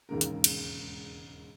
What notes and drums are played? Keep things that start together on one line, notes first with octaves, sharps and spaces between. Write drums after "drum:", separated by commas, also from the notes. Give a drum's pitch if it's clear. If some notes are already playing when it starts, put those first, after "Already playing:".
E1 D#2 G#2 C#3 A#4
drum: hi-hat
drum: cymbal